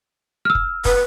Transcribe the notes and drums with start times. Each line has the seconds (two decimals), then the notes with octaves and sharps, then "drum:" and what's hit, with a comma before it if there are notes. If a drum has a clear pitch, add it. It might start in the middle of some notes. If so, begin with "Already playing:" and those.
0.45 E6 F6
0.55 drum: kick
0.85 B4, drum: kick